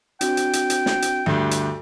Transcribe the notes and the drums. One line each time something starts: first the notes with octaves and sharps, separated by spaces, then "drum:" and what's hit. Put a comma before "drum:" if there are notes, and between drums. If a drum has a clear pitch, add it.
C4 D4 F#4 G5, drum: hi-hat
drum: hi-hat
drum: hi-hat
drum: hi-hat
drum: snare
drum: hi-hat
D2 G2
drum: hi-hat